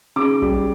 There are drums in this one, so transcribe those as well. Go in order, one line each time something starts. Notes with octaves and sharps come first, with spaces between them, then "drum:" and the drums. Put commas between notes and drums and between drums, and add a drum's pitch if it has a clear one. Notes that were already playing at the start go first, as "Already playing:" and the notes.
C#3 D6
G3, drum: kick